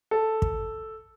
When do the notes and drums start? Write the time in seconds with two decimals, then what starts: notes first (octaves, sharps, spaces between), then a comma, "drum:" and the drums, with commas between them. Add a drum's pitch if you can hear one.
0.11 A4
0.42 drum: kick